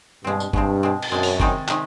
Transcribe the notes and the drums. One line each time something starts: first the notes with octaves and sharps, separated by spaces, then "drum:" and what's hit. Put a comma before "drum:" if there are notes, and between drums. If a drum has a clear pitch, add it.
G2 B2 G#3 C4
drum: tambourine
G2 B2 G#3 C4, drum: kick
B2 G#3 C4
drum: cymbal
F#2 B2 G#3 C4
drum: open hi-hat
C3 D#3 G#3 C4 D#4, drum: kick
C3 D#3 G#3, drum: clap